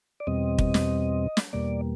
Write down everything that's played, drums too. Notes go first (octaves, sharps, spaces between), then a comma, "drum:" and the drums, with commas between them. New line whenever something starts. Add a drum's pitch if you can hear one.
D5
E2 B2 G3 C4 D#5
drum: kick
drum: snare
drum: snare
E2 B2 G3 A#3 D5